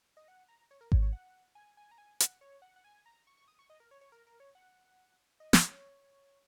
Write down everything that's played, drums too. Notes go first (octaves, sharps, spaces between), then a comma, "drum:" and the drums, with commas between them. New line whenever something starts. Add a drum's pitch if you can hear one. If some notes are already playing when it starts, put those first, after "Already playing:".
D#5
F#5
A#5
C#5
A#4
C#5, drum: kick G#1
C#5
F#5
G#5
G#5
A#5
G#5
F#5, drum: hi-hat
C#5
F#5
F#5
G#5
A#5
C#6
C#6
D#6
C#6
D#5
A#4
C#5
C#5
A#4
A#4
C#5
F#5
D#5
drum: snare
C#5